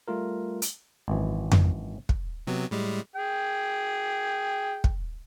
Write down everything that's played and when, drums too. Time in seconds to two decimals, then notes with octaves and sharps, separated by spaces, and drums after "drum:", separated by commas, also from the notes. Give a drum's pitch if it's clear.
0.08 G3 A3 F4 A#4
0.62 drum: hi-hat
1.08 G#1 F#2 E3
1.52 drum: tom F2
2.09 drum: kick
2.47 C3 F#3 B3
2.71 A2 G3 G#3
3.16 G#4 G5
4.84 drum: kick